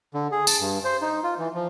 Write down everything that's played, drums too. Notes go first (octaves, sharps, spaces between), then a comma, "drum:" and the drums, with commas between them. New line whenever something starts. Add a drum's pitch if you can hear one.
D3
G#4
A5, drum: tambourine
G2
C5
D#4
F4
E3
F3